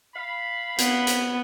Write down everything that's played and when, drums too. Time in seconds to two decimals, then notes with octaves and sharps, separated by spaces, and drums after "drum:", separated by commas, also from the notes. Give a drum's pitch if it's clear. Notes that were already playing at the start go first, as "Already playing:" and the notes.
0.15 F5 B5
0.78 B3, drum: hi-hat
1.07 drum: hi-hat